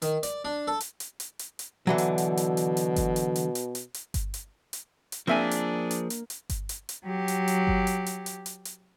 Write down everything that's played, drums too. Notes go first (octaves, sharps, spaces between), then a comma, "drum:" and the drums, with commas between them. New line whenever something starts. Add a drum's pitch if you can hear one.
D#3, drum: hi-hat
D5, drum: hi-hat
D4
A4
drum: hi-hat
drum: hi-hat
drum: hi-hat
drum: hi-hat
drum: hi-hat
B2 D3 E3 F#3
drum: hi-hat
drum: hi-hat
drum: hi-hat
drum: hi-hat
drum: hi-hat
drum: kick G1, hi-hat
drum: hi-hat
drum: hi-hat
drum: hi-hat
drum: hi-hat
drum: hi-hat
drum: kick G1, hi-hat
drum: hi-hat
drum: hi-hat
drum: hi-hat
F3 A#3 C4 D4 G#4 E5 G#5
drum: hi-hat
drum: hi-hat
drum: hi-hat
drum: hi-hat
drum: kick G1, hi-hat
drum: hi-hat
drum: hi-hat
F#3 G4
drum: hi-hat
drum: hi-hat
drum: kick G1
drum: hi-hat
drum: hi-hat
drum: hi-hat
drum: hi-hat
drum: hi-hat